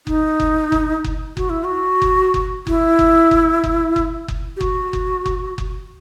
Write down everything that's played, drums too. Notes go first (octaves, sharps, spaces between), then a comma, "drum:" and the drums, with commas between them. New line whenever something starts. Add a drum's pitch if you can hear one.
D#4, drum: kick F#1
drum: kick F#1
drum: kick F#1
drum: kick F#1
F#4, drum: kick F#1
E4
F#4
drum: kick F#1
drum: kick F#1
E4, drum: kick F#1
drum: kick F#1
drum: kick F#1
drum: kick F#1
drum: kick F#1
drum: kick F#1
G4
F#4, drum: kick F#1
drum: kick F#1
drum: kick F#1
drum: kick F#1